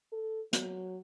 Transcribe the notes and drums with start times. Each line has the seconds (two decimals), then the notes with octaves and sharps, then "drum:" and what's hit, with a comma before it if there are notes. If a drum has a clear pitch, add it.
0.12 A4
0.53 F#3, drum: hi-hat